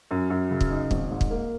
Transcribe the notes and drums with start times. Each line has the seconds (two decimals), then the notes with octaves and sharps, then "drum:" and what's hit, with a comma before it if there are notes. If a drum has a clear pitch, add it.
0.11 F#2
0.30 F#2
0.51 C#3
0.61 drum: kick
0.71 D#4
0.91 G#1, drum: kick
1.11 G#2
1.21 drum: kick
1.31 A#3